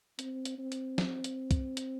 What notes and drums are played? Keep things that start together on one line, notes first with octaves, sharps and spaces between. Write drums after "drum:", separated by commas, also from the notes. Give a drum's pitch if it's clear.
C4, drum: hi-hat
drum: hi-hat
C4
drum: hi-hat
drum: snare
drum: hi-hat
drum: kick, hi-hat
drum: hi-hat